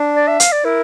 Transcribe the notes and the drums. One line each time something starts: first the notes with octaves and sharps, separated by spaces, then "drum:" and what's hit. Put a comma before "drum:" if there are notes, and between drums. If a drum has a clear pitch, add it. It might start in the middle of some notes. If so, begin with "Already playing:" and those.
Already playing: D4
D5
E5
F5, drum: hi-hat
D5
E4 A#4